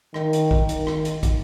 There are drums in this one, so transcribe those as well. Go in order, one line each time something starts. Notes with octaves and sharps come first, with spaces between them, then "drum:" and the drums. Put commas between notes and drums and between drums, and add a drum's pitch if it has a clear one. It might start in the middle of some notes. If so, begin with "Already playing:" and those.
D#3, drum: rim click
drum: hi-hat
drum: kick
D#3, drum: hi-hat
drum: rim click
drum: hi-hat
drum: kick, hi-hat